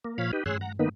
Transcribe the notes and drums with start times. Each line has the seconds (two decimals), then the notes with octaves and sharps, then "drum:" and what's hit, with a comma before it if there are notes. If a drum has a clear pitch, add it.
0.04 A#3
0.18 A#2 F3 C#5 F5 B5
0.33 D#4 G4 B4
0.46 G#4 C#5 C6 E6 F#6, drum: tom G2
0.61 F#5 A#5
0.79 D#3 A#3 B3 D#4 B4